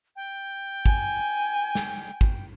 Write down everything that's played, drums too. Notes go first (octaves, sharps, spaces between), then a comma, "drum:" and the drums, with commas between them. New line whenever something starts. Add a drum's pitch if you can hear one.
G5
G#5, drum: kick G#1
drum: snare
drum: kick G#1